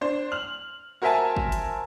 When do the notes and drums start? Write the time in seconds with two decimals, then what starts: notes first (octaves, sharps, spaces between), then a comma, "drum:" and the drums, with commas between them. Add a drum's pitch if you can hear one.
0.01 D4 C5
0.32 F6 F#7
1.02 F#4 A#4 C5 E5 G#5 A5
1.37 drum: kick
1.52 drum: hi-hat